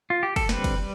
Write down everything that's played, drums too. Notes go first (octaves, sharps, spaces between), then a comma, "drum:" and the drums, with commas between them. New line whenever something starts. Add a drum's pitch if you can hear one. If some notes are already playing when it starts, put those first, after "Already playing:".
F4
G4
A4, drum: kick, cymbal
D3 G3 C4 B4, drum: snare
drum: kick, cymbal
G3